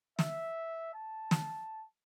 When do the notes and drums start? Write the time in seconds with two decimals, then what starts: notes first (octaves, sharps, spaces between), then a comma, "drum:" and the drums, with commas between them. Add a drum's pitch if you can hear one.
0.19 E5, drum: snare
0.94 A5
1.31 drum: snare